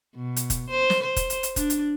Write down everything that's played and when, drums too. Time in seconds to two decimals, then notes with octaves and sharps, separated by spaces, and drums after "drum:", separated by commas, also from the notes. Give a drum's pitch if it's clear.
0.15 B2
0.36 drum: hi-hat
0.50 drum: kick F1, hi-hat
0.70 C5
0.90 drum: snare
1.03 C5
1.16 drum: kick F1, hi-hat
1.30 drum: hi-hat
1.43 drum: hi-hat
1.56 D4, drum: kick F1, hi-hat
1.70 drum: hi-hat